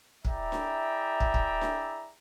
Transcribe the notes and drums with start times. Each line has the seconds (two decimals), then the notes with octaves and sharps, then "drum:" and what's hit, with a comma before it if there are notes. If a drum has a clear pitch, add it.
0.25 E4 G#4 D5 E5 G5 A#5, drum: kick
0.52 drum: snare D4
1.20 drum: kick
1.34 drum: kick
1.61 drum: snare D4